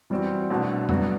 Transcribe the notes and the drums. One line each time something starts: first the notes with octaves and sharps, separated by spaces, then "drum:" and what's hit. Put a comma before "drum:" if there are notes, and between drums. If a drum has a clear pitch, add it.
E3 G3 C4 F#4
C2 B2 A3 D4
G2 F#3 B3 F#4, drum: tom